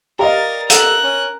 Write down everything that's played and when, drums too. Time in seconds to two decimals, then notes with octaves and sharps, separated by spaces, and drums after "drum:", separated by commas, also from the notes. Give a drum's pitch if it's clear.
0.19 G4 A#4 D5 D#5 F5 A#5 A6
0.70 A4 A#4 F#6, drum: hi-hat
1.03 C#4